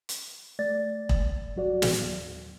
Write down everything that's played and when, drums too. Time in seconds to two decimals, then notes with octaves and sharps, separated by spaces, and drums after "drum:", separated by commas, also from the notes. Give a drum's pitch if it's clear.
0.09 drum: hi-hat
0.59 A3 D5 A6
1.09 drum: kick E1
1.55 G2 F#3 F#4 D5
1.82 drum: snare
2.04 D#2